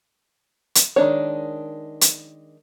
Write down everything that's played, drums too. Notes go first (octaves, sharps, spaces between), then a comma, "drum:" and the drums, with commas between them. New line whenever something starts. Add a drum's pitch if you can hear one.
drum: hi-hat
D#3 G#3 D4 C#5
drum: hi-hat